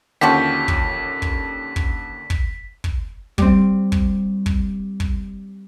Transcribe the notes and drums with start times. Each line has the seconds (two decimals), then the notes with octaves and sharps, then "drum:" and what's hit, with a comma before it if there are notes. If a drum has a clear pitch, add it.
0.21 D#2 D3 F3 C#4 F#4 G4 B6
0.68 drum: kick
1.22 drum: kick
1.76 drum: kick
2.30 drum: kick
2.84 drum: kick
3.38 G3 C4, drum: kick
3.92 drum: kick
4.46 drum: kick
5.00 drum: kick